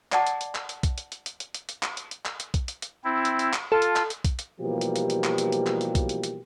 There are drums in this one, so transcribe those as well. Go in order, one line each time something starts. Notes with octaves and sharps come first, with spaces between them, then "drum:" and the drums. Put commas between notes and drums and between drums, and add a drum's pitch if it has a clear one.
D5 D#5 F#5 A5 D6, drum: clap
drum: hi-hat
drum: hi-hat
drum: clap
drum: hi-hat
drum: kick B1, hi-hat
drum: hi-hat
drum: hi-hat
drum: hi-hat
drum: hi-hat
drum: hi-hat
drum: hi-hat
drum: clap
drum: hi-hat
drum: hi-hat
drum: clap
drum: hi-hat
drum: kick B1, hi-hat
drum: hi-hat
drum: hi-hat
C4 E4
drum: hi-hat
drum: hi-hat
drum: clap
F4 A4
drum: hi-hat
drum: clap
drum: hi-hat
drum: kick B1, hi-hat
drum: hi-hat
B2 E3 F3 G3 A#3 G4
drum: hi-hat
drum: hi-hat
drum: hi-hat
drum: clap
drum: hi-hat
drum: hi-hat
drum: clap
drum: hi-hat
drum: kick B1, hi-hat
drum: hi-hat
drum: hi-hat